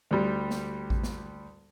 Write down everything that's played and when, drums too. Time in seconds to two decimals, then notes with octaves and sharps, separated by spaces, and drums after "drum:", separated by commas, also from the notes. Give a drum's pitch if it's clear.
0.11 D2 G3
0.50 drum: snare
0.90 drum: kick A1
1.04 drum: snare